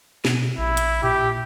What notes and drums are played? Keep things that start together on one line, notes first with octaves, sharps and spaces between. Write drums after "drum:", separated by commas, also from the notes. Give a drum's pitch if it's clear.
B2, drum: snare
A#1 E4
drum: hi-hat
A#2 G4